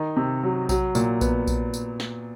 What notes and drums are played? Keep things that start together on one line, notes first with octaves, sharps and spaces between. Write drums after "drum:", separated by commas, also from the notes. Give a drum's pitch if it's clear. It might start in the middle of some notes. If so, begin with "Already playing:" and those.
Already playing: D#3 D#4
C3
F#3
F#3, drum: kick A#1, tambourine
A#2, drum: tambourine
B3, drum: kick A#1, tambourine
drum: kick A#1, tambourine
drum: tambourine
drum: snare